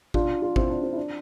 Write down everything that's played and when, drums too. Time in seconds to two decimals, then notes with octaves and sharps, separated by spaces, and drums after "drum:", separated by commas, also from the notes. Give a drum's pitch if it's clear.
0.14 D4 F4, drum: kick G#1
0.42 D4 F4
0.56 C4 E4, drum: kick G#1
0.70 D4
0.82 C4
0.93 E4
0.97 D4